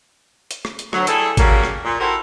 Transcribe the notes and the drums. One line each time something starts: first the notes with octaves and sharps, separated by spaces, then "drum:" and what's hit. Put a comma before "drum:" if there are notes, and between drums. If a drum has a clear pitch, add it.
drum: hi-hat
drum: rim click
drum: hi-hat
D2 F#3, drum: rim click
G3 E4 G#4 A4, drum: hi-hat
C#3 F#3 G3 A#3, drum: kick G#1, hi-hat
drum: rim click
A#2
E4 F#4 G4 A4 A#4 C5